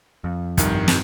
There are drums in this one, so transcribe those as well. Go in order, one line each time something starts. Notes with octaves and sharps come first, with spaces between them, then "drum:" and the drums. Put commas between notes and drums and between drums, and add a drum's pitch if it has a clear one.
F2
C2 G2 D#3, drum: kick, hi-hat
drum: snare